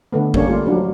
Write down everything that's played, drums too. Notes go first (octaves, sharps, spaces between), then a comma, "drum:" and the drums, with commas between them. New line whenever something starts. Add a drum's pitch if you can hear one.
D3 A3 B3
G3 A#3 C#4 D4 C#5, drum: kick A1
G3 A3 F4
F3 F#3 D4